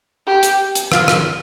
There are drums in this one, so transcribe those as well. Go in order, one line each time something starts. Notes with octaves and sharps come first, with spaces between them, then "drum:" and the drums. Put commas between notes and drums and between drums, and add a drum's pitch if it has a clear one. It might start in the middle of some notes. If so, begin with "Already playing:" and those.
G4
drum: hi-hat
drum: hi-hat
F4, drum: rim click
drum: rim click